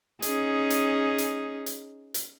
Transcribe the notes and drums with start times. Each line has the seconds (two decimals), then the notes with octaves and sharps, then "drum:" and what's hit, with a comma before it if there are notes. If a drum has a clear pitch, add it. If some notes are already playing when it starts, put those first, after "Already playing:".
0.22 C#4 D#4 G#4, drum: hi-hat
0.70 drum: hi-hat
1.18 drum: hi-hat
1.66 drum: hi-hat
2.14 drum: hi-hat